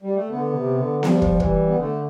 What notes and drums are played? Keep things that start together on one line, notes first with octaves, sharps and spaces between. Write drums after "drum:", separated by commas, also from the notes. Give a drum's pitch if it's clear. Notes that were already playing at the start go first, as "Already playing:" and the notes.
G3
A3
D3 B3
C3
D3
F3 G3, drum: snare B3
drum: kick
E3 G3, drum: kick
B3
D3 A3